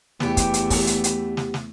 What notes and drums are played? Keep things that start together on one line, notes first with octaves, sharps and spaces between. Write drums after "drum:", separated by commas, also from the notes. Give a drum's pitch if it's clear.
E2 A3 B3 G4, drum: snare
drum: kick, hi-hat
drum: hi-hat
drum: kick, open hi-hat
drum: hi-hat
drum: hi-hat
drum: snare
drum: snare